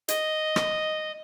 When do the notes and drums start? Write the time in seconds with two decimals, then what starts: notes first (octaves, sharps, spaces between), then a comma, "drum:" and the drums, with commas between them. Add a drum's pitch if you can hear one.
0.08 D#5, drum: hi-hat
0.56 drum: rim click